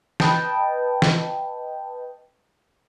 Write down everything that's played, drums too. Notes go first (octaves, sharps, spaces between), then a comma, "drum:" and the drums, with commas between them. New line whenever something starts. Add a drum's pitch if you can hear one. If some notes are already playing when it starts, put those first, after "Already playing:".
B4 D#5 G5 A5, drum: snare
drum: snare